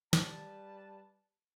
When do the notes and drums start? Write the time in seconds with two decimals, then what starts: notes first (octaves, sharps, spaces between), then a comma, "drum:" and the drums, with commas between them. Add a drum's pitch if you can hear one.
0.13 G3 B4 A5, drum: snare